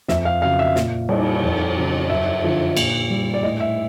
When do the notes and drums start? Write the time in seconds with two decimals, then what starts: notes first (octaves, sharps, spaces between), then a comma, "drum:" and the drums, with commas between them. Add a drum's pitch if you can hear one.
0.08 F2 E5, drum: snare
0.25 F5
0.42 C#3 F#3 F5
0.59 E5
0.76 A#2, drum: snare
1.09 G3, drum: cymbal
1.43 F2
1.77 C#3 F#3
2.10 F#2 E5
2.43 D3 F3
2.77 A#2, drum: cymbal
3.10 G3
3.34 D5
3.43 A2 D#5
3.60 E5